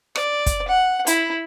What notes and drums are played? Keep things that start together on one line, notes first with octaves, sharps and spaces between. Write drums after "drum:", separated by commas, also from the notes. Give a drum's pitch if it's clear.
D5, drum: rim click
drum: kick, hi-hat
F#5
E4, drum: hi-hat